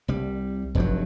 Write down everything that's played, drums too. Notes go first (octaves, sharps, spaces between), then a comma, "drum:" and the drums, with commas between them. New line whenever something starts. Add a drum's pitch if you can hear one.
C2 G3
F1 G2 A#2 F#3, drum: kick G#1